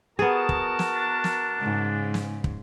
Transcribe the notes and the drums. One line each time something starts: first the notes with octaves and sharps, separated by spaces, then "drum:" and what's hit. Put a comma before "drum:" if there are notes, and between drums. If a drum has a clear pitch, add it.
B3 F#4 G#4 A#4 A5
drum: kick
drum: snare
D4
drum: snare
G#2 C#3
drum: snare
drum: kick